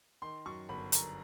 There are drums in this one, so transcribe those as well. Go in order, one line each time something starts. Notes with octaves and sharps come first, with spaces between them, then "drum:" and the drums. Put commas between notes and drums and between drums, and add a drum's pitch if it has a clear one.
D#3 C6
F#2 C#6
G1 B5
G1 A#5, drum: hi-hat